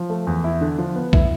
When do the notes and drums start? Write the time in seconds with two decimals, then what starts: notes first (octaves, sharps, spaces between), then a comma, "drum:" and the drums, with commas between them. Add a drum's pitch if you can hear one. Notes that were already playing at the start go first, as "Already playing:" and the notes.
Already playing: F3
0.10 A3
0.27 E2
0.44 E4
0.61 D3
0.78 F3
0.96 B3
1.13 E4, drum: kick